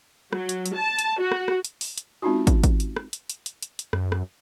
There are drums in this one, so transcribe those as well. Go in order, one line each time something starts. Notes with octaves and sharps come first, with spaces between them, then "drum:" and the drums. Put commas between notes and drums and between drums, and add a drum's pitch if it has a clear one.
F#3, drum: rim click
drum: hi-hat
drum: hi-hat
A5
drum: hi-hat
F#4
drum: rim click
drum: rim click
drum: hi-hat
drum: open hi-hat
drum: hi-hat
G#3 C4 C#4 D#4 F4 F#4
drum: kick, hi-hat
drum: kick, hi-hat
drum: hi-hat
drum: rim click
drum: hi-hat
drum: hi-hat
drum: hi-hat
drum: hi-hat
drum: hi-hat
F#2, drum: rim click
drum: rim click